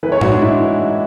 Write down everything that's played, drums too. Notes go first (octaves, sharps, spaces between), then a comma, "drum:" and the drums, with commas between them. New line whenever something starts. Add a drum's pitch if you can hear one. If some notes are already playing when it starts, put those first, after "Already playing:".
E3 B4
C#5
G#2 F#4, drum: tom A2
D4
G#2 E4
E3
G#2